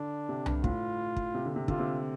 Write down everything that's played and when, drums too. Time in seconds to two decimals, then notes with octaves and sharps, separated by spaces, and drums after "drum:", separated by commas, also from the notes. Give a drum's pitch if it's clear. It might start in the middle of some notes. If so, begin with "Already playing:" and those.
Already playing: D3 D4
0.29 C3
0.46 G2, drum: tom C2
0.64 A2 F4, drum: kick
1.16 drum: kick
1.35 C3
1.46 D3
1.56 C3
1.68 D3 F4, drum: kick
1.79 C3